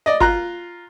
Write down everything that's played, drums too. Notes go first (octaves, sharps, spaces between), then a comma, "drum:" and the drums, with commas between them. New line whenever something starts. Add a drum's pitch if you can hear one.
D5 D#5
F4 A#5 F#6, drum: kick G1